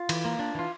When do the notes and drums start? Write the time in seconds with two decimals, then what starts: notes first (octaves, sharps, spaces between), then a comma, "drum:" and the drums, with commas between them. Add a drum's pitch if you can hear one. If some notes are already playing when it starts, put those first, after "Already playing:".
Already playing: F4
0.09 E3, drum: cymbal
0.25 A#3
0.39 D4
0.55 E3 F4